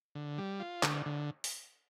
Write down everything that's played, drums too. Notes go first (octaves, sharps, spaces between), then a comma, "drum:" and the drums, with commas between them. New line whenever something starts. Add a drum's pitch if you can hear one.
D3
G3
F4
D3, drum: clap
D3
drum: open hi-hat